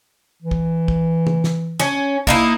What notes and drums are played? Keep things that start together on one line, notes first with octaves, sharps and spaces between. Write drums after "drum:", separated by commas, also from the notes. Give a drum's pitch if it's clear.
E3
drum: kick
drum: kick
drum: tom
drum: snare
C#4, drum: snare
A#3 D#4 E4, drum: kick